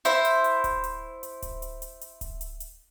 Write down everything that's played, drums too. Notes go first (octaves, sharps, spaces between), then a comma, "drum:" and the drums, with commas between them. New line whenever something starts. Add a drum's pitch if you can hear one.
E4 C5, drum: hi-hat
drum: hi-hat
drum: hi-hat
drum: kick D1, hi-hat
drum: hi-hat
drum: hi-hat
drum: kick D1, hi-hat
drum: hi-hat
drum: hi-hat
drum: hi-hat
drum: kick D1, hi-hat
drum: hi-hat
drum: hi-hat